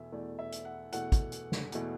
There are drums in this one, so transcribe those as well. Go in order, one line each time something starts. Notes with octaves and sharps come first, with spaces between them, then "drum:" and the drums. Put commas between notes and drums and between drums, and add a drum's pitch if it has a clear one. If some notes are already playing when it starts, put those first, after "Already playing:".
Already playing: E2 B2 A3 E5
E2 B2 A3 D5
E5
drum: hi-hat
F#5
E2 B2 A3 F#5, drum: hi-hat
drum: kick, hi-hat
drum: hi-hat
drum: snare
E2 B2 A3, drum: hi-hat